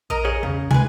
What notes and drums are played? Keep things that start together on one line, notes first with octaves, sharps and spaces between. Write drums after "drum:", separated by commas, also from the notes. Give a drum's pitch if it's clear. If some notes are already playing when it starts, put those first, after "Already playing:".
A#1 A#4 D#5
G#4 C#5
E2 C#3
C#2 G#3 B4 G#5, drum: tom